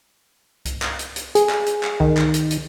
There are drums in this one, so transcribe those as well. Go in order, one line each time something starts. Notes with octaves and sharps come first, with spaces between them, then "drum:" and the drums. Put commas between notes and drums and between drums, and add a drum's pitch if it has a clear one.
drum: kick C2, hi-hat
drum: clap
drum: hi-hat
drum: hi-hat
G#4, drum: hi-hat
drum: clap
drum: hi-hat
drum: clap
D#3, drum: kick C2
drum: clap
drum: hi-hat
drum: hi-hat